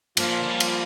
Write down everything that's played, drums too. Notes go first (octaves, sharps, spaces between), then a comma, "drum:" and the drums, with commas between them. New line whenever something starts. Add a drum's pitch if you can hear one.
G2 F3 A#3 F4, drum: cymbal
A#2
D3
G3
drum: cymbal